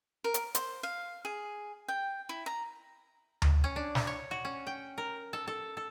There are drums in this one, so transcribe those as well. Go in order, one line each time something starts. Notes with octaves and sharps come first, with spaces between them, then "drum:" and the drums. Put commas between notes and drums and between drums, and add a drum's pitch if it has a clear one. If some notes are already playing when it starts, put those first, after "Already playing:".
A#4
drum: hi-hat
C5, drum: hi-hat
F5
G#4
G5
E4
A#5
drum: tom D2
C#4
D4
drum: snare
C#5
F#4
C#4
G5
A#4
A4
A4
A4